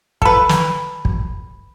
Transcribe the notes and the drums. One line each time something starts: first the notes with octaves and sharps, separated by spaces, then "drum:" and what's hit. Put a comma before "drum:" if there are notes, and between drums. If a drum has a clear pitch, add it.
A4 B4, drum: kick
drum: snare
drum: kick